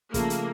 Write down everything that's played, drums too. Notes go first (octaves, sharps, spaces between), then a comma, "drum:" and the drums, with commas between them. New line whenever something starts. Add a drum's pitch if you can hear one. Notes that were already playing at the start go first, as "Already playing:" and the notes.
C#3 F3 A3 A#3, drum: kick, hi-hat
drum: hi-hat